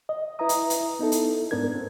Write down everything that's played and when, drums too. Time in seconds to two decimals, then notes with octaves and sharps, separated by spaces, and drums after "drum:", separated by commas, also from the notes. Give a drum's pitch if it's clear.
0.09 D#5
0.39 E4 B4 E5 A#5 D#6
0.49 drum: hi-hat
0.70 drum: hi-hat
0.99 B3 D#4 E4 A4
1.12 drum: hi-hat
1.51 G#2 B3 D4 A#4 G#6
1.74 C4